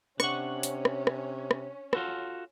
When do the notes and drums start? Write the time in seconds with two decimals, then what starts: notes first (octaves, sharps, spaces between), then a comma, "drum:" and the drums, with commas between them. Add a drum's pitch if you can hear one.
0.20 C3 C#4 D4 F#5 C#6, drum: rim click
0.63 drum: hi-hat
0.85 drum: rim click
1.07 drum: rim click
1.51 drum: rim click
1.93 F4 F#4 A4, drum: rim click